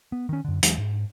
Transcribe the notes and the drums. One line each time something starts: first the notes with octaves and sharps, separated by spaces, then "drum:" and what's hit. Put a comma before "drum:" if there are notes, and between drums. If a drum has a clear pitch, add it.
B3
D#3 C#4
F#2 D3
E2 E3 F#3 G#3, drum: hi-hat
G#2